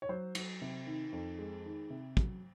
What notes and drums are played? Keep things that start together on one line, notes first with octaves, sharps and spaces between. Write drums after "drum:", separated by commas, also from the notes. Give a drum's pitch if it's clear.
C#5
F#3 C5
F#3, drum: cymbal
C3
D#3
F2
G#3
D#3
C3
F#3, drum: kick